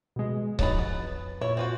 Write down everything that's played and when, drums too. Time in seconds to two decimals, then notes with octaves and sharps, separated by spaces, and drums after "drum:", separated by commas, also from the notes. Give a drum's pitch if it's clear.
0.16 B2 G#3
0.59 F2 F#3 D#4 B5 A6, drum: kick C#1
0.79 B3
1.41 A#2 E4 C#5
1.57 C4 F4 F#4